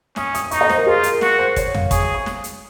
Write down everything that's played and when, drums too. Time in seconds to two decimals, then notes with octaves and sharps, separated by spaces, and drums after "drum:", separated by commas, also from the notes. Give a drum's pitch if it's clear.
0.16 C#4 D#6, drum: snare
0.34 D#6, drum: hi-hat
0.51 D#4 C#6, drum: hi-hat
0.61 D#5
0.70 C5, drum: snare
0.77 A#4
0.86 F4 G#4
1.03 A#4, drum: hi-hat
1.21 F#4 A#4, drum: snare
1.38 C5
1.56 C#5, drum: kick, hi-hat
1.74 F5, drum: tom
1.91 G#4 C#6, drum: kick, hi-hat
2.03 D#6
2.15 C#6
2.26 drum: snare
2.44 drum: hi-hat